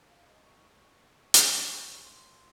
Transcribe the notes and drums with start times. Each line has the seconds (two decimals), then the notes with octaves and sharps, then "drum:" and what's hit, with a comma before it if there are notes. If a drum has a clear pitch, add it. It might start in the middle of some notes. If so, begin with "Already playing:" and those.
0.09 F5
0.27 D#5
0.45 C#6
0.63 C#6
1.34 C#6, drum: hi-hat
2.04 C6